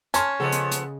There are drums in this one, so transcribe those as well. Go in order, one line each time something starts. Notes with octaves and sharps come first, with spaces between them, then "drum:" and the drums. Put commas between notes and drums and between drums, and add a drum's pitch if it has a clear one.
C#4 A5 C6 F6, drum: hi-hat
C#3 F3 B3 G#4 A4 D#5
drum: hi-hat
drum: hi-hat